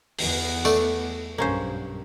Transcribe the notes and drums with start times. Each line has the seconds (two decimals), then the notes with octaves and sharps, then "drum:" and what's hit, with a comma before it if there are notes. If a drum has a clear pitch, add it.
0.19 E2 B3, drum: open hi-hat
0.65 A3 D5, drum: tambourine
1.38 B1 G2 A#3 C#4 C5